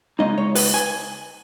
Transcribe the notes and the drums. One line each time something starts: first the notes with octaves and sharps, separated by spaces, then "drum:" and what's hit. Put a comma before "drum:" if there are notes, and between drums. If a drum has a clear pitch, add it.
C#2 B2 G#3 D#4 D#5
C#5
B4, drum: open hi-hat
G#5